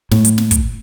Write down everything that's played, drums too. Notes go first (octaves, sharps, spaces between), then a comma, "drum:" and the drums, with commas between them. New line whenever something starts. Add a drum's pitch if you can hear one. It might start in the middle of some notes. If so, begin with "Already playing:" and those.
A2, drum: snare
drum: hi-hat
drum: snare
drum: kick, hi-hat